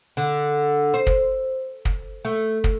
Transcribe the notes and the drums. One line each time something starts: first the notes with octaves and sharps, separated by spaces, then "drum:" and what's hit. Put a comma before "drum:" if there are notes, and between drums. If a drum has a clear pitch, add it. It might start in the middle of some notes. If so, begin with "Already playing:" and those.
D3
C5
drum: kick
drum: kick
A3
drum: kick